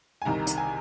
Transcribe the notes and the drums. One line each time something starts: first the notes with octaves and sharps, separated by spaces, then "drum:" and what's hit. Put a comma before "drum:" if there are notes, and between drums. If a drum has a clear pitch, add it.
G#5
C2 C3 D#3 A#5
drum: hi-hat
G#5